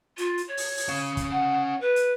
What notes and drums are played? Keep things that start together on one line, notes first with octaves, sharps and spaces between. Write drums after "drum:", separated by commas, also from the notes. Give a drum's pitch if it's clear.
F4, drum: hi-hat
drum: hi-hat
C#5
drum: open hi-hat
drum: open hi-hat
C#4 F5
drum: kick, hi-hat
F#5
B4
drum: hi-hat